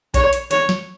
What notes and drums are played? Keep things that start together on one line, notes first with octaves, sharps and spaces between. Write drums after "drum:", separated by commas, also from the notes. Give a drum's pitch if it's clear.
C#5, drum: kick A#1, hi-hat
drum: hi-hat
C#5, drum: hi-hat
drum: snare